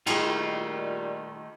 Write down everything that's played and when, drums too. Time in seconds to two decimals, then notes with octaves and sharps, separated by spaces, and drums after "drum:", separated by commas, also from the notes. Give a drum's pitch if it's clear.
0.06 A#2 D#3 G3 A3 F4 G#4 G5, drum: cymbal